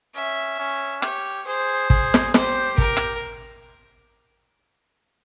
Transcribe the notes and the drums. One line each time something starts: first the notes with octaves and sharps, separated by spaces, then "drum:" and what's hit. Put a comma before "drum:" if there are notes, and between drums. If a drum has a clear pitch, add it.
C#4 E5
C#4
G4 C#5, drum: rim click
G#4 C5
G#4, drum: kick
drum: snare
G4 C5, drum: snare
A#4, drum: kick
drum: rim click